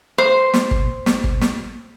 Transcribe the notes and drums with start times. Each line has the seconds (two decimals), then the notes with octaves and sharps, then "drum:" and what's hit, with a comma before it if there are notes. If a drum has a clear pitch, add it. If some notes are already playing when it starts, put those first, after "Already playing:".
0.18 C5 C6
0.54 drum: snare
0.71 drum: kick
1.06 drum: snare
1.24 drum: kick
1.41 drum: snare